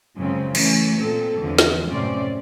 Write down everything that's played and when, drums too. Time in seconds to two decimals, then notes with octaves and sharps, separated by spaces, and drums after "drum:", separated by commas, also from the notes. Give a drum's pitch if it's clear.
0.17 F#2 C#3 F3 F#3 G#3 C4
0.55 E3 A3 C#4, drum: cymbal
0.98 A#2 C4 A4
1.38 E2 D3 E3 F3
1.58 drum: snare
1.89 F#2 A2 C3 C#4 C5 D5